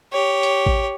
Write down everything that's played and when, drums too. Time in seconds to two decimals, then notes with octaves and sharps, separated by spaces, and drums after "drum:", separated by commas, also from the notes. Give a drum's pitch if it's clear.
0.13 G4 C#5
0.43 drum: hi-hat
0.66 drum: kick A1